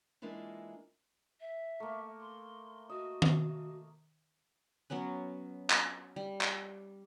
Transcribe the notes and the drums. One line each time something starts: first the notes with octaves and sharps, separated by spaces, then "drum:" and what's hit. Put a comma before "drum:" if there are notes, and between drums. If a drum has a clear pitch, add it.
E3 G#3 A#3 D4 E4 F4
E5
A3 A#3
C6
F#4 D#5
drum: tom D#3
F#3 B3 C#4 B4
drum: clap
G3
drum: clap